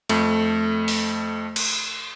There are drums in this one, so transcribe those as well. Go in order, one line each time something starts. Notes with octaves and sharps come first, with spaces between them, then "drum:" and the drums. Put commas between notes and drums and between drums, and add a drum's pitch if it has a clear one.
F2 A3, drum: cymbal
drum: open hi-hat
drum: cymbal